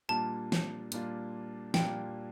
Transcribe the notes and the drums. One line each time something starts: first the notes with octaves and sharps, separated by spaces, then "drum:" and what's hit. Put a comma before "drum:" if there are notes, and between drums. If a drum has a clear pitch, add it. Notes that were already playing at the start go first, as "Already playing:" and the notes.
A#2 G3 A#3 D4 F4 A5
drum: snare
A#2 G3 A#3 D4 F4, drum: hi-hat
A#2 G3 A#3 D4 F4 G5, drum: snare